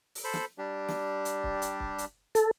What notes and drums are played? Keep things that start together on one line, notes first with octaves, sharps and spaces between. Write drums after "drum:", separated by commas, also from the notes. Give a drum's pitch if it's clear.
drum: open hi-hat
A4 C5 B5
drum: snare
G3 D4 G4
drum: snare
drum: hi-hat
drum: kick C#1
drum: hi-hat
drum: kick C#1
drum: hi-hat
A4, drum: hi-hat